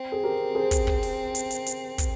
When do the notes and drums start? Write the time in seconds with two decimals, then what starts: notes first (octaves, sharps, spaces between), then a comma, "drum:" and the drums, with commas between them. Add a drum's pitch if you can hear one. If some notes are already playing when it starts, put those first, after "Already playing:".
Already playing: C4
0.12 G#4
0.23 G4 A#4
0.55 G#4 C5
0.71 drum: kick, hi-hat
0.87 drum: kick
1.03 drum: open hi-hat
1.35 drum: hi-hat
1.51 drum: hi-hat
1.66 drum: hi-hat
1.98 drum: kick, hi-hat